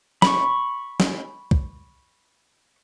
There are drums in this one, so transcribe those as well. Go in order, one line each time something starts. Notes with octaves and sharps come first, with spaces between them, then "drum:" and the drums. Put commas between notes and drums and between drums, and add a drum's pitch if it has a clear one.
B5 C#6, drum: snare
drum: snare
drum: kick